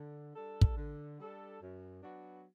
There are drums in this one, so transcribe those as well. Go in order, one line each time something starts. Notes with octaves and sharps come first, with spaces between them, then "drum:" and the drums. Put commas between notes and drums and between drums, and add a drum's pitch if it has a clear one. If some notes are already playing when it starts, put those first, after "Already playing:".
Already playing: D3
G3 D4 A4
drum: kick
D3
G3 D4 A4
F#2
F#3 B3 D4 F#4